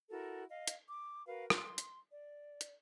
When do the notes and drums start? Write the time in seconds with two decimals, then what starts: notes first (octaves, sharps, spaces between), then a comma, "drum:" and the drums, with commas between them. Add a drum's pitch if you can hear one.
0.10 E4 F#4 A4 A#4
0.50 D#5 F5
0.68 drum: hi-hat
0.88 D6
1.26 F#4 A#4 B4 F5
1.50 C6, drum: rim click
1.78 drum: hi-hat
2.11 D5
2.61 drum: hi-hat